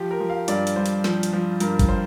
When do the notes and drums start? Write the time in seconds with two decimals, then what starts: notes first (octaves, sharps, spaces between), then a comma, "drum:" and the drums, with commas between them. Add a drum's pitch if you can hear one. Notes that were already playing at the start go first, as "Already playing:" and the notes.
Already playing: F3 G4
0.11 A#4
0.20 F3
0.30 F5
0.48 G2 D5, drum: hi-hat
0.67 drum: hi-hat
0.76 G2 C5
0.86 drum: hi-hat
1.04 F3, drum: snare
1.23 drum: hi-hat
1.33 F3
1.60 G2 A#4, drum: hi-hat
1.79 drum: kick G#1, hi-hat
1.89 C5